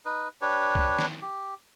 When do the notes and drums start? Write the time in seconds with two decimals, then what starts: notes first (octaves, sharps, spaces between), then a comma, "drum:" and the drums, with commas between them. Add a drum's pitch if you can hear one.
0.05 D#4 B4
0.41 D4 G4 B4 C#5
0.75 drum: kick
0.99 drum: snare
1.22 G4